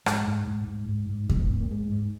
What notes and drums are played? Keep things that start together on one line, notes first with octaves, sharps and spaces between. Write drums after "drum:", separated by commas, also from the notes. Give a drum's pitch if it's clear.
G#2 G#3, drum: rim click
G#2
G#2
G#2
G#2
G#2
G#2 G#3, drum: kick E2
B3
G#2
A#3
G#2 G#3
G#2